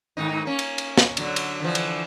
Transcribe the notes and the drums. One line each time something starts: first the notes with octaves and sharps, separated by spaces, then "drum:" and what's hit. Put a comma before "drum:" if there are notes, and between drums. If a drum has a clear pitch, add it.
G#2 D#3 D#4
A#3 C#4
drum: cymbal
drum: cymbal
drum: snare
D3 F#3, drum: cymbal
drum: cymbal
D3 E3 F3
drum: cymbal